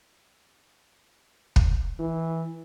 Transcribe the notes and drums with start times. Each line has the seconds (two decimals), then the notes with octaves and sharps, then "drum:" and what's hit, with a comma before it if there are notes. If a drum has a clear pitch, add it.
1.56 drum: kick
1.99 E3